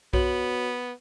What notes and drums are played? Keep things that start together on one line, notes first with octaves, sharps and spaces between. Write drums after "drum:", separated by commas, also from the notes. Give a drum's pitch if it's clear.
B3 F#4 C#5 F#7, drum: kick B1